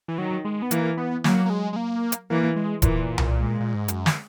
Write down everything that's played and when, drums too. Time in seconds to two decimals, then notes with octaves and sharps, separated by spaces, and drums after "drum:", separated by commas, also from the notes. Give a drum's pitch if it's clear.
0.08 E3
0.18 D#3 F#3
0.45 G#3
0.62 B3
0.71 E3 A#3, drum: hi-hat
0.97 B3
1.24 F#3 A#3, drum: snare
1.46 A#3
1.50 G#3
1.73 G#3
1.76 A#3
2.12 drum: hi-hat
2.30 E3 A#3
2.56 G#3
2.82 A#2 E3, drum: kick D#1, hi-hat
3.18 drum: tom C2
3.36 G#3
3.60 A#2
3.74 G#2
3.88 F#2, drum: hi-hat
4.06 drum: snare